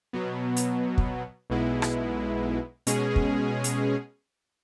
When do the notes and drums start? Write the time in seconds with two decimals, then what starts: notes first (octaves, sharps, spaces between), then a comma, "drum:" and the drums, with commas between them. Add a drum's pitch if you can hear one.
0.13 B2 F#3 B3
0.56 drum: hi-hat
0.98 drum: kick
1.50 B1 B2 G#3 B3 E4
1.82 drum: rim click
2.87 B2 G#3 C#4 G#4, drum: hi-hat
3.16 drum: kick
3.64 drum: hi-hat